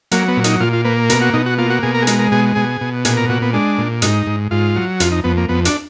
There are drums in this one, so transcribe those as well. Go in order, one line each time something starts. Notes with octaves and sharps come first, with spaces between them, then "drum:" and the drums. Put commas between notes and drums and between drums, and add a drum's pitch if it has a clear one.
F#3 A#3, drum: hi-hat
B3
A#2
D#4, drum: hi-hat
A#2 F4
F4
A#3 B4
B2 A#4, drum: hi-hat
F#4
B2 D#4
F#4
A#3 F4
F#4
B2 G#4
A#4
G#4
G#3 A#4, drum: hi-hat
A#4
B2 G#4
B2 G#4
B2
A#2 G#4, drum: hi-hat
A#4
A#2 F#4
B3
G#3 D4
A#2
G#2 D#4, drum: hi-hat
G#2
G#2 F4
F#3
F2 F4, drum: hi-hat
D#4
F2 B3
A#3
F2 B3
D4, drum: hi-hat